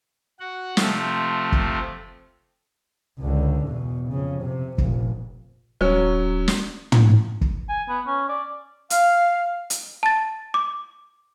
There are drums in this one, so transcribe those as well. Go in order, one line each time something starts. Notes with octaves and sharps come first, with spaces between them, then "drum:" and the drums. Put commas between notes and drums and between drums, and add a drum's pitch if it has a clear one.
F#4 F#5
C3 F3 A3, drum: snare
drum: kick
C#2 D3
E2 B2
F2 C#3
C3
F1 A#1, drum: kick
D#1 F#3 C#4
drum: snare
drum: tom
drum: kick
G#5
B3
C#4
D5
F5, drum: hi-hat
drum: hi-hat
A5 A6
D6